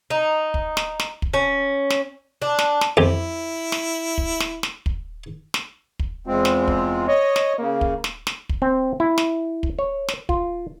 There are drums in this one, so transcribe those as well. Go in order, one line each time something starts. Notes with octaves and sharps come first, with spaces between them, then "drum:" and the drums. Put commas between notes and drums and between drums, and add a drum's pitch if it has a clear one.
D#4
drum: kick
drum: snare
drum: snare
drum: kick
C#4
drum: snare
D4
drum: snare
drum: snare
F2 E4 G4
drum: snare
drum: kick
drum: snare
drum: snare
drum: kick
drum: snare
drum: kick
E2 G#3 C4 F4
drum: snare
drum: kick
C#5 D#5
drum: snare
C#3 A#3
drum: kick
drum: snare
drum: snare
drum: kick
C4
E4
drum: snare
drum: kick
C#5
drum: snare
F4, drum: kick